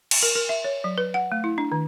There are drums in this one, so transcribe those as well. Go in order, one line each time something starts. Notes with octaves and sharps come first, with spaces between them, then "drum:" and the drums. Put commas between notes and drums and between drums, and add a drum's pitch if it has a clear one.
drum: cymbal
A#4
A#4
E5
C#5
F#3
B4
F#5
A3
E4
D4
D#3